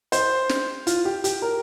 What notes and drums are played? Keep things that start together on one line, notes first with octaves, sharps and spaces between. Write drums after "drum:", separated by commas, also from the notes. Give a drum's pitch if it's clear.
C5, drum: hi-hat
drum: snare
F4, drum: hi-hat
G4
G4, drum: hi-hat
A#4